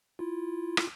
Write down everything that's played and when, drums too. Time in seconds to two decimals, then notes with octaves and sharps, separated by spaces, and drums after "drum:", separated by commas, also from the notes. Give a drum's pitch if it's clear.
0.19 E4 F4
0.77 drum: rim click